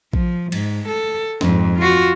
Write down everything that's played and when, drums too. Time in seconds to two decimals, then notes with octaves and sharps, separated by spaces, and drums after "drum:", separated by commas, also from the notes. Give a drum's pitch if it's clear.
0.13 F3, drum: kick A#1
0.52 G#2, drum: cymbal
0.88 A4
1.41 F2 G#2, drum: snare
1.77 F4 F#4